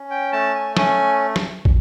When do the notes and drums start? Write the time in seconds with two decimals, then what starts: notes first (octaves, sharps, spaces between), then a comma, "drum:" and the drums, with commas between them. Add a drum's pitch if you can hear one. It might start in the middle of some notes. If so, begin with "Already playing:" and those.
Already playing: C#4
0.10 G5
0.33 A3 A5
0.55 G#5
0.77 C#4 G#5, drum: snare
1.36 drum: snare
1.65 drum: kick